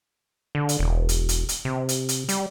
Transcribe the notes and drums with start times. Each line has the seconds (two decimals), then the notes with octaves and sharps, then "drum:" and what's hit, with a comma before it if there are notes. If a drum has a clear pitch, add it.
0.55 D3
0.69 drum: hi-hat
0.79 E1
1.09 drum: hi-hat
1.29 drum: hi-hat
1.49 drum: hi-hat
1.65 C3
1.89 drum: hi-hat
2.09 drum: hi-hat
2.29 G3, drum: hi-hat